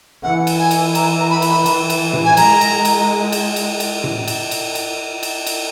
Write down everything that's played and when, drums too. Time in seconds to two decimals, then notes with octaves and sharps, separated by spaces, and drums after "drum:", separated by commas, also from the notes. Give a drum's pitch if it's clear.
0.23 E3 F#5
0.47 drum: cymbal
0.58 G#5
0.71 drum: cymbal
0.95 A#5, drum: cymbal
1.19 A#5
1.30 B5
1.42 drum: cymbal
1.66 E3, drum: cymbal
1.90 drum: cymbal
2.13 drum: tom A2
2.25 G#5
2.37 G#3 A#5, drum: cymbal
2.61 drum: cymbal
2.85 drum: cymbal
3.32 drum: cymbal
3.56 drum: cymbal
3.80 drum: cymbal
4.04 drum: tom A2
4.28 drum: cymbal
4.51 drum: cymbal
4.75 drum: cymbal
5.23 drum: cymbal
5.46 drum: cymbal